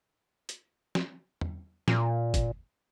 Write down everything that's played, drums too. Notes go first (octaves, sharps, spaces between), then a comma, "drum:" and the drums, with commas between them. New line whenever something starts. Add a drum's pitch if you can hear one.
drum: hi-hat
drum: snare
drum: tom E2
A#2, drum: snare
drum: kick, hi-hat